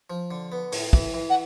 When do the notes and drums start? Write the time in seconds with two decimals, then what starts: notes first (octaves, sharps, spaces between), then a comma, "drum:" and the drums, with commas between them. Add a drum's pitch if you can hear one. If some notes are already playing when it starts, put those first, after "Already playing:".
0.10 F3
0.31 D3
0.52 B3
0.72 A2, drum: open hi-hat
0.93 E3, drum: kick
1.14 E3
1.30 F#5